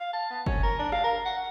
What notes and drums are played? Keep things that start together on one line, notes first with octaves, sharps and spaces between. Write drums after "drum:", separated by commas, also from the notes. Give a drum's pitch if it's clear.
F5
A5
B3
C#4, drum: kick
A#4
D4
F5, drum: rim click
A#4
F#5